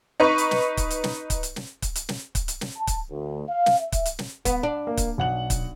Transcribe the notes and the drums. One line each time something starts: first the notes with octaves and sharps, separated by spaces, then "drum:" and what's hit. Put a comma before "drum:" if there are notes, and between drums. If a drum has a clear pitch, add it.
D#4 B4 C#6
drum: hi-hat
drum: snare
drum: kick C#1, hi-hat
drum: hi-hat
drum: snare
drum: kick C#1, hi-hat
drum: hi-hat
drum: snare
drum: kick C#1, hi-hat
drum: hi-hat
drum: snare
drum: kick C#1, hi-hat
drum: hi-hat
drum: snare
A5
drum: kick C#1, hi-hat
D2
F5
drum: snare
E5
drum: kick C#1, hi-hat
drum: hi-hat
drum: snare
B3, drum: kick C#1, hi-hat
D4
A#3
drum: kick C#1, hi-hat
B1 F#5 F#7
drum: kick C#1, hi-hat